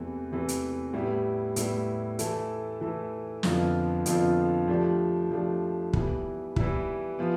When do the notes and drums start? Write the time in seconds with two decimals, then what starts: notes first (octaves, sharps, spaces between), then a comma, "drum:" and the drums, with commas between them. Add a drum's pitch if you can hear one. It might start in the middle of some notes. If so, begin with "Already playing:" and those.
Already playing: E2 C3 E3 A3
0.32 E2 C3 E3 A3
0.48 drum: hi-hat
0.93 A2 G3 B3 E4
1.56 A2 G3 B3 E4, drum: hi-hat
2.19 E3 A3 E4 A4, drum: hi-hat
2.81 E3 A3 E4 A4
3.43 F2 D3 F3 B3 F4, drum: snare
4.06 F2 D3 F3 B3 F4, drum: hi-hat
4.68 F3 A3 D4 G4
5.31 F3 A3 D4 G4
5.93 E3 G3 B3 E4, drum: kick
6.56 E3 G3 B3 E4, drum: kick
7.19 F3 B3